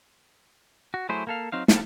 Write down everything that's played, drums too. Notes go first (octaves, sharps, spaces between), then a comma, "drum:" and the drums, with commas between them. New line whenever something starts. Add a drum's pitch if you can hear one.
F#4
F#3 A3 E4 G#4 C5
A#3 A4 F5
F#3 C4 D#4 F5
E4 G4 A4 F5 A5, drum: snare